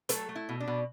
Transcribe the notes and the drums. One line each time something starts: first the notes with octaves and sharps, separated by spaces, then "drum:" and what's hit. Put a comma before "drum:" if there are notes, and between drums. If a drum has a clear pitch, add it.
F#3 A3 A4, drum: hi-hat
A3
E4
B2
D4
B2